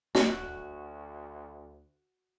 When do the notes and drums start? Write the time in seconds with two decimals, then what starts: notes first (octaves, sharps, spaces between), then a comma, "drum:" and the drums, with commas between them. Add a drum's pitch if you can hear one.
0.15 D2 F#4 D#5, drum: snare